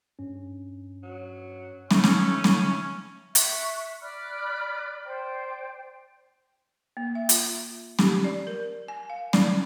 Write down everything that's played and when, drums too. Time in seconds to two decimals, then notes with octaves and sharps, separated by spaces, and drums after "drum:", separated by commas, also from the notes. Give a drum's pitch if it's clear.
0.19 G2 C#4
1.03 F#3
1.91 D3 A3 C#4, drum: snare
2.04 drum: snare
2.44 drum: snare
3.35 E5 C#6 F#6, drum: hi-hat
4.01 D5 B5 F6 F#6
5.06 C5 D5 G5
6.97 A#3
7.15 E5
7.29 F4, drum: hi-hat
7.99 G4, drum: snare
8.24 D5
8.47 A#4
8.88 G#5
9.10 F5
9.33 D5, drum: snare